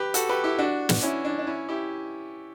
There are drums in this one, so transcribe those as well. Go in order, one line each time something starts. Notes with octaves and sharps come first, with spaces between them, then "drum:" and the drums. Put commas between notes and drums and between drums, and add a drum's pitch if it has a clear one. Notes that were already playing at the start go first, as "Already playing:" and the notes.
Already playing: G4 B4
F#4 A4, drum: hi-hat
G4 B4
E4 G4
D4 F#4
drum: snare
C#4 E4
D4
D4
C#4 E4
E4 G4